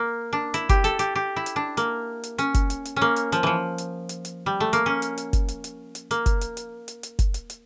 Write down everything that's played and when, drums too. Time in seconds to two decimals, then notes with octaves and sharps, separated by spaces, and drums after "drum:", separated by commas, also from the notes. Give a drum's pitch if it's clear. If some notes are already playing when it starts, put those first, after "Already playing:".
Already playing: A#3
0.33 D4
0.54 E4, drum: hi-hat
0.69 G4, drum: kick F#1, hi-hat
0.84 A4, drum: hi-hat
0.99 G4, drum: hi-hat
1.15 G4
1.36 E4
1.46 drum: hi-hat
1.56 D4
1.77 A#3, drum: hi-hat
2.23 drum: hi-hat
2.38 C#4, drum: hi-hat
2.54 drum: kick F#1, hi-hat
2.70 drum: hi-hat
2.85 drum: hi-hat
2.96 C#4
3.01 A#3
3.16 drum: hi-hat
3.32 F3, drum: hi-hat
3.43 E3 F3
3.78 drum: hi-hat
4.09 drum: hi-hat
4.25 drum: hi-hat
4.46 G3
4.60 A3
4.73 A#3, drum: hi-hat
4.86 C#4
5.02 drum: hi-hat
5.18 drum: hi-hat
5.33 drum: kick F#1, hi-hat
5.48 drum: hi-hat
5.64 drum: hi-hat
5.95 drum: hi-hat
6.11 A#3, drum: hi-hat
6.26 drum: kick F#1, hi-hat
6.41 drum: hi-hat
6.57 drum: hi-hat
6.88 drum: hi-hat
7.03 drum: hi-hat
7.19 drum: kick F#1, hi-hat
7.34 drum: hi-hat
7.50 drum: hi-hat